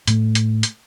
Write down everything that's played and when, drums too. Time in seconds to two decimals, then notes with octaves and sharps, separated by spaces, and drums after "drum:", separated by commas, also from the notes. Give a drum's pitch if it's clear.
0.08 A2 A3, drum: hi-hat
0.35 drum: hi-hat
0.63 drum: hi-hat